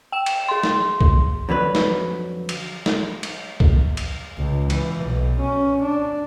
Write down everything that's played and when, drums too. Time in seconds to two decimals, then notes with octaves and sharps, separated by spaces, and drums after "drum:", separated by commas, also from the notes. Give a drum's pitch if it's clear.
0.12 G5 E7
0.26 drum: cymbal
0.48 G#4 C6
0.63 drum: snare
1.01 drum: kick
1.49 F2 D3 F#3 B4
1.75 drum: snare
2.49 drum: cymbal
2.86 drum: snare
3.23 drum: cymbal
3.60 drum: kick
3.97 drum: cymbal
4.38 C#2
4.70 E3, drum: cymbal
5.04 B1
5.40 C#4
5.83 D4